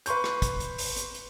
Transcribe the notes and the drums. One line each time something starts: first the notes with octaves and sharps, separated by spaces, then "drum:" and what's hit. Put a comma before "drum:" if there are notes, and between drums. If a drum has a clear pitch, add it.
B4 C6 C#6 G6, drum: hi-hat
drum: rim click
drum: kick, hi-hat
drum: hi-hat
drum: open hi-hat
drum: hi-hat
drum: hi-hat